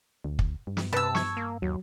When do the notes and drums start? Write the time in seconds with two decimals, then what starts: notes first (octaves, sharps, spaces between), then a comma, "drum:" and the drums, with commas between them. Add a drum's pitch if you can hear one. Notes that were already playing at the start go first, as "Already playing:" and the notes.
0.24 D2
0.39 drum: kick
0.67 G2
0.77 drum: snare
0.93 C3 B4 A5 B5 E6
1.15 C#6 G#6, drum: snare
1.37 A#3
1.62 D#2 F#3